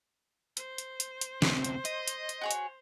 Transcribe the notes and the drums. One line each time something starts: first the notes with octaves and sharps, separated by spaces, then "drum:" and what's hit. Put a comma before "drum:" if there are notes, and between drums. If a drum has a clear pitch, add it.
C5, drum: hi-hat
drum: hi-hat
drum: hi-hat
drum: hi-hat
D2 C3, drum: snare
drum: hi-hat
D#5, drum: hi-hat
drum: hi-hat
drum: hi-hat
F#4 G#4 C#5
drum: hi-hat